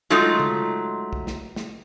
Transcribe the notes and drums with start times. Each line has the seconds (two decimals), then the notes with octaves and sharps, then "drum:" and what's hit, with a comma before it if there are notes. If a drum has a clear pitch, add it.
0.10 F#3 G#3 A3 D#4 F4
0.40 drum: tom C#3
1.13 drum: kick
1.27 drum: snare
1.56 drum: snare